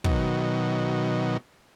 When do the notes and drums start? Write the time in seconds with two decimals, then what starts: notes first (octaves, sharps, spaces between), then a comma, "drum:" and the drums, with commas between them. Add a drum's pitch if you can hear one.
0.04 B2 D#3 F#3, drum: kick